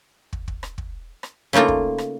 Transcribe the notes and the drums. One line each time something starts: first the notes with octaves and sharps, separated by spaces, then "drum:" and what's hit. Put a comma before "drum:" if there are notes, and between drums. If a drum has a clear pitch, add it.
drum: kick
drum: kick
drum: rim click
drum: kick
drum: rim click
C#3 A3 A#3 D#4 F4
drum: kick
drum: rim click